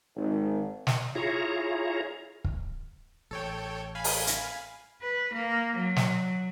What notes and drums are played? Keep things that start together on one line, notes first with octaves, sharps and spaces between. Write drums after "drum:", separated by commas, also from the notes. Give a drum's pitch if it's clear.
G#1
drum: snare
E4 F4 G#4 C#5 A#5
drum: kick
A1 A4 C#5 G5
F5 G#5 B5
drum: open hi-hat
drum: hi-hat
B4
A#3
F#3
drum: snare